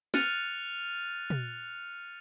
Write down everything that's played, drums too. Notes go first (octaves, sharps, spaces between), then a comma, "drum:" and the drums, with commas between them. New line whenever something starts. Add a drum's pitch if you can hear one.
F6 F#6 A6 C#7 D#7 F7, drum: snare
drum: tom